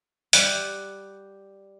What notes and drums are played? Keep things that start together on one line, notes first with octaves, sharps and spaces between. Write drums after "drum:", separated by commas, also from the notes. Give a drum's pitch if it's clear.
G3 F#5, drum: hi-hat